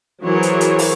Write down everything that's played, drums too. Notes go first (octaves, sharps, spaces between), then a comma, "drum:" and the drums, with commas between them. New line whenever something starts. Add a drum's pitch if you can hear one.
E3 F#3 G#4 A#4 C5 C#5
drum: hi-hat
drum: hi-hat
drum: open hi-hat